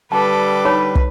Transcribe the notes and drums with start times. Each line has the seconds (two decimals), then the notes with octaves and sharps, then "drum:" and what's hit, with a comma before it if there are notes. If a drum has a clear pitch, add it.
0.12 D3 G3 A4 B4 A5 D6
0.65 D#4 C#5 B5
0.95 drum: kick